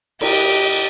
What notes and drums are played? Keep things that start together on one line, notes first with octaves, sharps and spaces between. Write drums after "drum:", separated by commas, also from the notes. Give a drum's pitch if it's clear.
G4 D#5, drum: cymbal